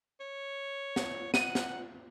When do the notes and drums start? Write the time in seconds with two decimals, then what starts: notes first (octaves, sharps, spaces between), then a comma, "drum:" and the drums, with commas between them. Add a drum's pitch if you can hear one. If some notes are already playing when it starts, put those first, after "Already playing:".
0.21 C#5
0.96 drum: snare
1.34 F#5 D#7, drum: snare
1.55 drum: snare